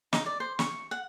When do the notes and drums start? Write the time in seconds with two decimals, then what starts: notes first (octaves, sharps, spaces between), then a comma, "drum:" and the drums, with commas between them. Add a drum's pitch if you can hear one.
0.13 D#4, drum: snare
0.26 D5
0.40 C5
0.59 C#6, drum: snare
0.91 F#5